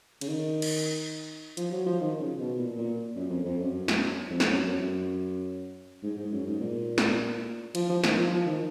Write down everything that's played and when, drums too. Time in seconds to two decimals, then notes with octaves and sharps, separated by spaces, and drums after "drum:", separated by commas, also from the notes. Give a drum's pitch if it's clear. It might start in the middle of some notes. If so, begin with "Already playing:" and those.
0.21 C#3, drum: cymbal
0.29 D#3
0.62 drum: cymbal
1.57 F3, drum: hi-hat
1.72 F#3
1.86 F3
2.01 D#3
2.20 C#3
2.39 B2
2.59 A#2
2.78 A#2
3.15 F#2
3.30 F2
3.45 F2
3.59 F#2
3.88 drum: snare
4.30 F2
4.40 drum: snare
4.49 F#2
4.64 F2
4.69 F#2
6.03 G#2
6.17 G#2
6.32 F#2
6.46 G#2
6.61 A#2
6.98 drum: snare
7.75 F3, drum: cymbal
7.90 F3
8.04 D#3, drum: snare
8.18 F3
8.32 F3
8.46 D#3